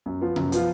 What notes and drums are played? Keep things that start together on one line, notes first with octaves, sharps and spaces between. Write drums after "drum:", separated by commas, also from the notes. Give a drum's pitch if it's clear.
F#2
F3 B3 F4
F#2, drum: tom C3
F3 B3 F4, drum: hi-hat